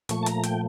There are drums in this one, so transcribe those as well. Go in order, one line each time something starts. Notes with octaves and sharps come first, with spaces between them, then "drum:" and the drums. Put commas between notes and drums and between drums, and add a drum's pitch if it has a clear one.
A#2 F3 A3 C#6, drum: hi-hat
A5
A#5, drum: hi-hat
G5, drum: hi-hat